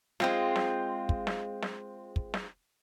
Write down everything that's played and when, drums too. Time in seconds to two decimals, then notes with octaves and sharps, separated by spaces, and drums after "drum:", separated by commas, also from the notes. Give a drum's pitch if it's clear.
0.20 G#3 C4 F4, drum: snare
0.56 drum: snare
1.09 drum: kick
1.27 drum: snare
1.62 drum: snare
2.16 drum: kick
2.34 drum: snare